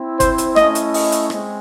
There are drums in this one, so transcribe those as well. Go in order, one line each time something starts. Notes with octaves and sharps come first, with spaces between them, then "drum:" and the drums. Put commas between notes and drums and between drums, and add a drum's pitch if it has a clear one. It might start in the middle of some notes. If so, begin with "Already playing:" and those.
Already playing: C4 E4
C5, drum: kick, hi-hat
drum: hi-hat
A3 C#4 E4 D#5, drum: rim click
drum: hi-hat
D#5, drum: open hi-hat
drum: hi-hat
G#3 C4, drum: rim click